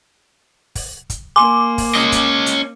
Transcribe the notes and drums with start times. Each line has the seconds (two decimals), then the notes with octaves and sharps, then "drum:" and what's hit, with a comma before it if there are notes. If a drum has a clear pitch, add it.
0.75 drum: kick, open hi-hat
1.10 drum: kick, hi-hat
1.36 A#3 G#5 C6 D6
1.78 drum: kick, open hi-hat
1.95 C#4 D#5
2.12 drum: kick, hi-hat
2.46 drum: hi-hat